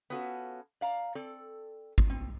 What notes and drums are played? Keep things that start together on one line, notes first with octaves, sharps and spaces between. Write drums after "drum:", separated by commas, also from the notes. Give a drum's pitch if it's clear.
B3 C#4 F4 F#4 A4
D5 F5 A#5
C4 A4 D5
drum: kick G#1
C4